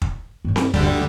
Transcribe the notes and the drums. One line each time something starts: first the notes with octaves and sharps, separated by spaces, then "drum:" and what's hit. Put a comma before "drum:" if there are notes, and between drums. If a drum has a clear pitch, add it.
drum: kick
G2 A#2
drum: snare C4
D2 D3 G3, drum: kick